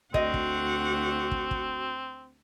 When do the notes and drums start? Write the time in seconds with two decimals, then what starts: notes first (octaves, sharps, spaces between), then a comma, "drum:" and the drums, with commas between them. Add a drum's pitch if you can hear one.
0.14 D2 C4 F#4 D#5 F#5, drum: kick
0.34 drum: kick
1.31 drum: kick
1.51 drum: kick